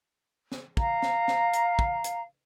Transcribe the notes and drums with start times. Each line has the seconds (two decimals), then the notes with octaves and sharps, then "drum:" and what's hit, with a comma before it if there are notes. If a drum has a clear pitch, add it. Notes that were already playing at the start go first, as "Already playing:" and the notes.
0.52 drum: snare
0.77 F5 A#5, drum: kick
1.02 drum: snare
1.28 drum: snare
1.53 drum: hi-hat
1.79 drum: kick
2.04 drum: hi-hat